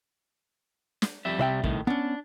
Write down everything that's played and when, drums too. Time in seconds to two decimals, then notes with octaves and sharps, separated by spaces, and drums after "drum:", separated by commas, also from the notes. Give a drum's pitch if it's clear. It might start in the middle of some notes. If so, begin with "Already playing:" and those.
1.02 drum: snare
1.25 F2 G3 E5
1.39 C2 C3 G3 E5 G5
1.64 A2 D#3, drum: kick
1.87 B3 C#4 D4